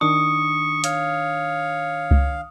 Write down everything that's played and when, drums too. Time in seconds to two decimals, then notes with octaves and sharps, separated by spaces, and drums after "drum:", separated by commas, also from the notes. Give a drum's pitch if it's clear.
0.01 D#3 D4 C#6 D#6
0.84 C#5 F5, drum: hi-hat
2.11 drum: kick C#2